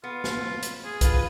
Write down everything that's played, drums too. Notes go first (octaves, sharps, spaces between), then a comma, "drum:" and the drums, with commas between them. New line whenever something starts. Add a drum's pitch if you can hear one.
B3 F4
drum: snare
drum: hi-hat
G#4
F4 B4, drum: kick, hi-hat